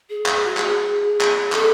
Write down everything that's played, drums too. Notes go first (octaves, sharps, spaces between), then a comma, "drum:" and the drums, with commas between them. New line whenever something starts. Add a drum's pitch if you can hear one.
G#4
drum: clap
F#4
G#4, drum: clap
drum: clap
A4, drum: clap